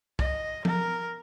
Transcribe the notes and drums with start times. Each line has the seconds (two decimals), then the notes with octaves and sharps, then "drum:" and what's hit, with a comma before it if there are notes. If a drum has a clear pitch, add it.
0.19 D#5, drum: kick
0.65 A#4, drum: tom F3